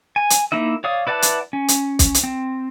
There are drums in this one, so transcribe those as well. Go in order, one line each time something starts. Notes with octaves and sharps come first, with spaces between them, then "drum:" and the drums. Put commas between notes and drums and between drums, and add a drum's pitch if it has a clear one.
G#5
drum: hi-hat
A#3 D#4 E4 E5
C#5 D5 F5 D#6
E4 B4 D5 F#5 A5
drum: hi-hat
C#4
drum: hi-hat
drum: kick, hi-hat
drum: hi-hat
C4